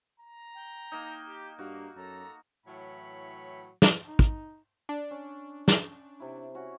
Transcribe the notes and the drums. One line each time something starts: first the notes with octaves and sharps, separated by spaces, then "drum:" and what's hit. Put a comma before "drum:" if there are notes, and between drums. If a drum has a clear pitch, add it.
A#5
G5
A#3 D#4
G4
G2 A#3 F#4
F#2 A4 A#5
A2 E3 F#3 C#5 B5
drum: snare
D#4
drum: kick
D4
C#4
drum: snare
C3 E4
C#4 F#4